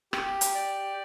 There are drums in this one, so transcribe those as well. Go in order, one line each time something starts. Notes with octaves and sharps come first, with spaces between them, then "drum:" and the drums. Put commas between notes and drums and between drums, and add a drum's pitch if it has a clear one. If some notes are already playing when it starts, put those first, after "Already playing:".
G4, drum: rim click
drum: hi-hat
D5